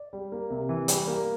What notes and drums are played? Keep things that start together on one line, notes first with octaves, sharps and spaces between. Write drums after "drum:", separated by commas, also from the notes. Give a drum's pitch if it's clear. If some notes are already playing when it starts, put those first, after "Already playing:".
Already playing: D5
G3
A#3
C3
E3
G3, drum: hi-hat
A#3